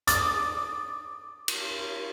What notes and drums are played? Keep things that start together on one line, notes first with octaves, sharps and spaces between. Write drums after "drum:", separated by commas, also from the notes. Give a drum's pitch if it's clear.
D6 D#6 A6, drum: hi-hat
drum: cymbal